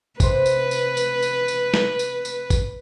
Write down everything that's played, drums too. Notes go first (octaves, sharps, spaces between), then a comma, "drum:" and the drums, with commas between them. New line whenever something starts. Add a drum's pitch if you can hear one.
C3 B4 C5, drum: kick A1, tambourine
drum: tambourine
drum: tambourine
drum: tambourine
drum: tambourine
drum: tambourine
drum: snare
drum: tambourine
drum: tambourine
drum: kick A1, tambourine